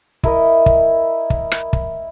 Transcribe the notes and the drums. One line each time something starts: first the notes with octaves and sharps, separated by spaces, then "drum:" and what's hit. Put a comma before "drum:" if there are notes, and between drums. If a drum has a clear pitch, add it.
E4 A#4 D#5, drum: kick
drum: kick
drum: kick
drum: rim click
drum: kick